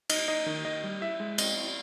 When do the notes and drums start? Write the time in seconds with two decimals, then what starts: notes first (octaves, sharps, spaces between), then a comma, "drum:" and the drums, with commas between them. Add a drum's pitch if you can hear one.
0.10 D#4 D#5, drum: cymbal
0.28 D#4 D#5
0.46 D#3
0.65 D#3 D#5
0.84 G3
1.01 E4 E5
1.20 G#3
1.38 C4 D#5, drum: cymbal
1.57 E4